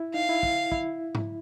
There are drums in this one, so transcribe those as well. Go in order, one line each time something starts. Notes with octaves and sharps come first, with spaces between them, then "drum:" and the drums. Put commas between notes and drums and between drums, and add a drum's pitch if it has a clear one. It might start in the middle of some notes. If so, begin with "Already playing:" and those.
Already playing: E4
D#4 F5
E4
drum: kick
E4, drum: kick
drum: tom G#2